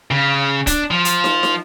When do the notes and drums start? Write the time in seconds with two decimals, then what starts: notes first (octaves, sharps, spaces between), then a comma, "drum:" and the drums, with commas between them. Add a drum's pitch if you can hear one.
0.11 C#3
0.67 D4, drum: kick, hi-hat
0.91 F3
1.05 drum: hi-hat
1.24 drum: snare
1.43 drum: snare